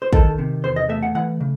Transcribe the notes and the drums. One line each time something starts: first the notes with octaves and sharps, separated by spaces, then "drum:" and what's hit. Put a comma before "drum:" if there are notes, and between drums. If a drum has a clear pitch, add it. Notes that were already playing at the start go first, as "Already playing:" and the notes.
C5
D#3 A4, drum: kick
C3
E2 C5
D#5
A3 E5
F#5
E3 F#5
C#3